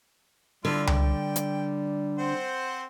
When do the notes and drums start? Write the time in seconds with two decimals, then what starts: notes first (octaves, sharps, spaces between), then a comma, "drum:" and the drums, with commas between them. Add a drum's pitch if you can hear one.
0.65 D3 G3 E4 F4
0.87 G5, drum: tom C#2
1.36 drum: hi-hat
2.19 C4 C5 F#5